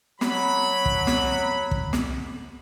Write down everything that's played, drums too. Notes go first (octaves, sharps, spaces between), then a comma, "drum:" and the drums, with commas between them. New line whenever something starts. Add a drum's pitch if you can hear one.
F#3 B5, drum: snare
drum: kick
drum: snare
drum: kick
drum: snare